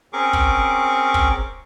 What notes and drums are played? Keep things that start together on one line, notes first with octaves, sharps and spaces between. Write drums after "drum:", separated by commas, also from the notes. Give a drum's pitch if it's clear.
C4 C#4 G#4 A#4 C#6 D6
drum: kick
drum: kick